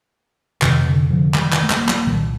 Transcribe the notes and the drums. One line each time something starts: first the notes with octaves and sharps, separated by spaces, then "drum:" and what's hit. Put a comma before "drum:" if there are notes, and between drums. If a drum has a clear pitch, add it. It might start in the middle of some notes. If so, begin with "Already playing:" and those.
F2 C3 D#3, drum: clap
D3
D3 F3
D#3 G3, drum: clap
D#3 G3, drum: clap
A3
G3 A#3, drum: clap
G3 A#3, drum: clap
C2 A#2 D#3 G3